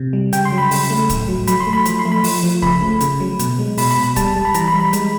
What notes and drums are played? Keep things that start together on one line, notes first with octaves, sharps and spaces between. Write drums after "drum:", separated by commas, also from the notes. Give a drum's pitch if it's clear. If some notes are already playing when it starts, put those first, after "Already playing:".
Already playing: C3
G3
C#3 G5, drum: hi-hat
C6
F#3
B5
C#3, drum: open hi-hat
A3
A2, drum: kick, hi-hat
F#3
F#3 B5, drum: hi-hat
C6
A3
B5
F3 B5, drum: hi-hat
C6
A3
B5
F3, drum: open hi-hat
F3
C#3 B5, drum: kick
A3
C#3, drum: hi-hat
F#3
B2, drum: hi-hat
G#3
B2 B5, drum: open hi-hat
B5
B2
B5
G3 A5, drum: kick, hi-hat
G3
B5
E3 A#5, drum: hi-hat
B5
G3
B5
G#3, drum: hi-hat